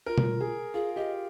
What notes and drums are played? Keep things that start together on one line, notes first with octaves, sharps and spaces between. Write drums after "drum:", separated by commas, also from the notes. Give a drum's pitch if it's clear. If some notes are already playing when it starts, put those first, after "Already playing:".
F4 A#4
drum: tom B2
G#4
F4 G#4
G4 D#5